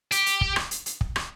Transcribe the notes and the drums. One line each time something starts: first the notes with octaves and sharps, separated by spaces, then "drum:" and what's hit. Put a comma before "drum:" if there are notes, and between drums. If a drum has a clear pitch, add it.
G4, drum: hi-hat
drum: hi-hat
drum: kick
drum: rim click
drum: hi-hat
drum: hi-hat
drum: kick
drum: rim click